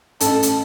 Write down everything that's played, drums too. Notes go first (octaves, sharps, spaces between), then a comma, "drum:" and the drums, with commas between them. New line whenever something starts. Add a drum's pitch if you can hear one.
A1 A4, drum: hi-hat
drum: hi-hat